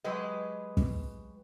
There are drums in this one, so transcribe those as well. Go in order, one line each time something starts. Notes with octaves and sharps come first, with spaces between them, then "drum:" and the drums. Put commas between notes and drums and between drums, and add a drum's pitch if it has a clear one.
F#3 G#3 G4 B4 D#5
drum: kick